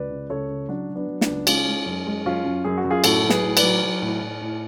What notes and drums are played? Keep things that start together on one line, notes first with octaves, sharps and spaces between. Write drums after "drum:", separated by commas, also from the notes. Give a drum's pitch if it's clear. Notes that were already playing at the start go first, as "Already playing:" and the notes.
Already playing: C#2 B4 D5
C#3
C#2 A4 C#5
C#3
F#3 D4 F#4
F#3
B3 D4
F#3
B3 D4, drum: snare
C#2
G#3 C#4 F4, drum: cymbal
G#3
F#2
G#3
F#2 C#4 F4
F#2
F#2 G#4
F#4
F#2
F4 G#4
A2 F#4 A4, drum: cymbal
F#3
G#4 B4, drum: snare
A2
B4 D5, drum: cymbal
F#3
F#3
A2
A2
A2